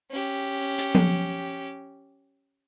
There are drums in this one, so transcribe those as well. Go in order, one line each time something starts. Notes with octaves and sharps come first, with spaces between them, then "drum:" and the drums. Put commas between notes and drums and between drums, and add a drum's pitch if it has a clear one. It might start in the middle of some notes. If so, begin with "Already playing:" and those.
C#4 G4
drum: hi-hat
drum: tom F3